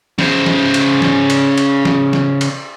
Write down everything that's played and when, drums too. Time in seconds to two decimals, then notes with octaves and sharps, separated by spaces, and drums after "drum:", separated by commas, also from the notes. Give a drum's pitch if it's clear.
0.19 C#3 C5, drum: snare
0.46 drum: snare
0.74 drum: cymbal
1.02 drum: snare
1.30 drum: cymbal
1.58 drum: cymbal
1.85 drum: snare
2.13 drum: snare
2.41 drum: cymbal